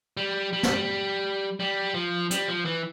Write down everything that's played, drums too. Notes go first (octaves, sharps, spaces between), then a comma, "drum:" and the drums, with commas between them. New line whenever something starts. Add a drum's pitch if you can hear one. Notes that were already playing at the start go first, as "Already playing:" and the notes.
G3
G3
drum: snare
G3
F3
G3, drum: hi-hat
F3
E3